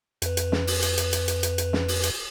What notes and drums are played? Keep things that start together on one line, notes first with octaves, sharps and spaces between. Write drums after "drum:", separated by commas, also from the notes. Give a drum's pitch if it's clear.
F2 B4, drum: hi-hat
drum: hi-hat
drum: snare
drum: open hi-hat
drum: hi-hat
drum: hi-hat
drum: hi-hat
drum: hi-hat
drum: hi-hat
drum: hi-hat
drum: snare
drum: open hi-hat
drum: hi-hat